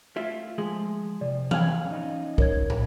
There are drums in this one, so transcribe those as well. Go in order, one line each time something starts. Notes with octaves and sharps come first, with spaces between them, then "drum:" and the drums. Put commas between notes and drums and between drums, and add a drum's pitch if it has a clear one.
A3 F4 E5
F3 G#3 G#4
C3 F3 D5
G#4 F5 G5 G#5 F#7, drum: tom E3
C#4 D#4 D#5
A#4 C#5 G#6, drum: kick
drum: tom